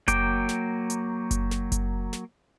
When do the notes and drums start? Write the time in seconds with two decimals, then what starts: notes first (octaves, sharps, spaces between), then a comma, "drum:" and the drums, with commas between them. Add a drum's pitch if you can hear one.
0.08 F#3 A#3 G5 D6, drum: kick F#1, hi-hat
0.49 drum: snare
0.90 drum: hi-hat
1.31 drum: kick F#1, hi-hat
1.51 drum: snare
1.72 drum: kick F#1, hi-hat
2.13 drum: snare